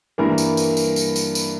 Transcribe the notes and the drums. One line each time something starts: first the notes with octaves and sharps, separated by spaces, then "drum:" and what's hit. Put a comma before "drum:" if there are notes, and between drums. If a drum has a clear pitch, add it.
G2 E3 A#3 A#4
drum: tambourine
drum: tambourine
drum: tambourine
drum: tambourine
drum: tambourine
drum: tambourine